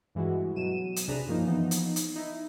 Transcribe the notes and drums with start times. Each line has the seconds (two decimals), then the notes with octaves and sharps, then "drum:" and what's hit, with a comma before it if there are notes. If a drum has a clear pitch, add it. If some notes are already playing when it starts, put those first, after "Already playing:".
0.15 G2 E3 G#3 E4 F#4
0.56 B2 F#3 D#7 E7
0.96 drum: hi-hat
1.07 B1 C3 D4 G#4 B4 A#5
1.27 G2 F3 A#3 C#4 D#4
1.46 E3 F3 B3 D#4
1.71 drum: hi-hat
1.96 drum: hi-hat
2.16 D#4 E4